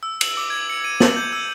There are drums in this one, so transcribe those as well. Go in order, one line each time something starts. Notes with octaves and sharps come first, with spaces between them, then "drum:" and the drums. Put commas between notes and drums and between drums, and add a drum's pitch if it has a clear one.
E6
F#7, drum: cymbal
D6
G#6
C#7
D#7
F#7, drum: snare
G6
E6